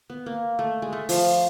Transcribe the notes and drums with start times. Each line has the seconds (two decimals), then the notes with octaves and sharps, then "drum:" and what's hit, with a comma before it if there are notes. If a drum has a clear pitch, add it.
0.10 B3
0.26 A#3
0.59 A3
0.82 G#3
0.93 A3
1.09 F3, drum: open hi-hat